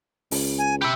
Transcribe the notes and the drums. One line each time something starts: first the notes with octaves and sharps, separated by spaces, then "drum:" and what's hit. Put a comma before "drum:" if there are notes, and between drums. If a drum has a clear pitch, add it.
C#2, drum: open hi-hat
G#5
G4 E5 B5